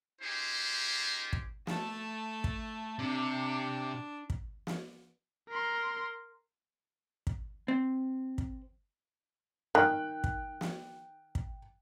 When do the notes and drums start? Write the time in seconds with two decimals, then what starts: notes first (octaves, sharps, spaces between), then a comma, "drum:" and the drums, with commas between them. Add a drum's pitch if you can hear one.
0.21 C#4 D#4 F4 G4 G#4 C5
1.33 drum: kick
1.67 A3 A4, drum: snare
2.44 drum: kick
2.99 C3 D4
4.30 drum: kick
4.67 drum: snare
5.49 A#4 C6
7.27 drum: kick
7.68 C4
8.38 drum: kick
9.75 D#3 G5 F#6
10.24 drum: kick
10.61 drum: snare
11.35 drum: kick